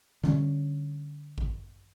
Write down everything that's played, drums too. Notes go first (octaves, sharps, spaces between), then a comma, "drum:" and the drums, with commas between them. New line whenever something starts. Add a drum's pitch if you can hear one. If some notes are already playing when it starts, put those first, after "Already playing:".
D3 G3 C#4, drum: snare
drum: kick G#1